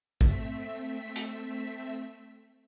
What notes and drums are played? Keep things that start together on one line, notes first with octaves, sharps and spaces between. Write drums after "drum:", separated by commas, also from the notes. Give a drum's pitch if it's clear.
A3 C4 E5 B6, drum: kick A1
drum: hi-hat